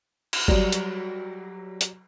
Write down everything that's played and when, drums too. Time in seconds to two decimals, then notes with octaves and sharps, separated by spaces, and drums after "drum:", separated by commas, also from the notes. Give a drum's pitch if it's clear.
0.33 drum: cymbal
0.48 F#3 G3, drum: kick G1
0.72 drum: hi-hat
1.81 drum: hi-hat